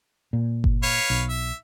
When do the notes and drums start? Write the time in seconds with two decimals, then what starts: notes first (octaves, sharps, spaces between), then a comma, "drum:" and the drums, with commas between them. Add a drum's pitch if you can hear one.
0.33 A#2
0.64 drum: kick G1
0.83 B4 C#5 F5
1.10 B1
1.29 E5